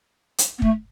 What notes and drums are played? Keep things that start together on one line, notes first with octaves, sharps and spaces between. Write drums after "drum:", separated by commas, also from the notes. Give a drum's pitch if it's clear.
drum: hi-hat
B3
A3, drum: kick